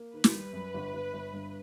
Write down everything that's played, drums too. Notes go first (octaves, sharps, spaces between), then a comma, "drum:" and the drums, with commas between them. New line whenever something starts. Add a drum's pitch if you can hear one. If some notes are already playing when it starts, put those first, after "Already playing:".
Already playing: A#3
D#3 B4
drum: snare
G3
F#2
G1
G1
G1
G2